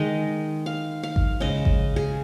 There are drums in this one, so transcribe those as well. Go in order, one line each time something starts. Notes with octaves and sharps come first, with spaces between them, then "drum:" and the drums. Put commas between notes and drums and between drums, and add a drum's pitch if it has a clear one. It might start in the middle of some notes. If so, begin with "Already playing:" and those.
Already playing: D#3 G#3 D#5
F5
F5
drum: kick G#1
C#3 G#3 D#5
drum: kick G#1
G#4